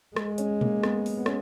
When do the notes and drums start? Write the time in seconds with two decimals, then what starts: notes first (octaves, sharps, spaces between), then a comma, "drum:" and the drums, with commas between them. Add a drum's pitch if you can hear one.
0.16 G#3, drum: rim click
0.38 C#4, drum: hi-hat
0.61 A#3, drum: tom A#2
0.83 B3, drum: rim click
1.06 drum: open hi-hat
1.17 B3
1.26 C#4, drum: rim click